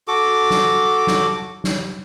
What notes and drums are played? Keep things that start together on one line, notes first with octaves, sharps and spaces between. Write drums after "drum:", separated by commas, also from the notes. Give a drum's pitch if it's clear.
F#4 A4 D6
drum: snare
drum: snare
drum: snare